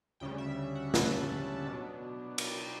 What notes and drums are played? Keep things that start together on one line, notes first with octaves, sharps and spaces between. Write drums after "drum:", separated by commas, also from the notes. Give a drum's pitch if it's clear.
D2 C#3 G3 G5
E5
F#5
A5, drum: snare
B2 F#3 B3 D4
G5, drum: cymbal